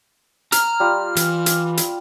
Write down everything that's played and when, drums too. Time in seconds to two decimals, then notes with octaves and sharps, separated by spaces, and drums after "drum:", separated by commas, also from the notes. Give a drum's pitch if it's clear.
0.52 A#5 F6, drum: hi-hat
0.80 G3 F4
1.16 E3, drum: hi-hat
1.46 drum: hi-hat
1.77 drum: hi-hat